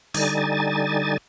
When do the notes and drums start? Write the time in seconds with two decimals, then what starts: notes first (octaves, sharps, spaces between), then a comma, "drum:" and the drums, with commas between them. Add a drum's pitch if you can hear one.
0.14 D3 G3 D#4 G#5 A6, drum: open hi-hat